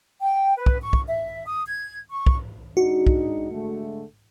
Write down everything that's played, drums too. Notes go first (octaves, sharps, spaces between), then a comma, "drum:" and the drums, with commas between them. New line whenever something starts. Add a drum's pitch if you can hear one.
G5
B4
drum: kick
C#6
drum: kick
E5
D#6
G#6
C#6
drum: kick
G#3 D4 D#4 F#4
drum: kick
D3 G#3 A3